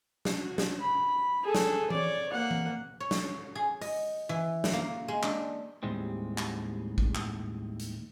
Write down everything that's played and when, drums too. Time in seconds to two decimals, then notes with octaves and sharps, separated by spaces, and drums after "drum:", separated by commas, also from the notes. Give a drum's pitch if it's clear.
0.25 drum: snare
0.38 F#4
0.58 drum: snare
0.80 B5
1.44 G#4 A4
1.55 drum: snare
1.90 C#5 D5, drum: tom E3
2.33 A#3 F#5
2.51 drum: tom E3
3.00 C#5
3.11 drum: snare
3.55 G#4
3.81 D#5, drum: open hi-hat
4.29 E3
4.64 drum: snare
4.73 A#3
5.08 G#3
5.23 D4, drum: clap
5.83 D#2 A2 G3 G#3 C4
6.38 drum: clap
6.98 drum: kick A1
7.15 drum: clap
7.79 drum: hi-hat